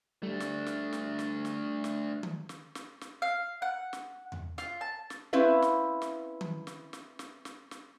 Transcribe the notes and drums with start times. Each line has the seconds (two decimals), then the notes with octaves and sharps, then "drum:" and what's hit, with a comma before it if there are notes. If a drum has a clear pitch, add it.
0.23 G3 A3 D4
0.40 drum: snare
0.66 drum: snare
0.93 drum: snare
1.19 drum: snare
1.45 drum: snare
1.84 drum: snare
2.23 drum: tom D#3
2.49 drum: snare
2.75 drum: snare
3.01 drum: snare
3.22 F5
3.62 F#5
3.93 drum: snare
4.32 drum: tom E2
4.58 F4, drum: snare
4.81 A5
5.10 drum: snare
5.33 C4 C#4 E4 B4 F5
5.62 drum: snare
6.02 drum: snare
6.41 drum: tom D#3
6.67 drum: snare
6.93 drum: snare
7.19 drum: snare
7.45 drum: snare
7.71 drum: snare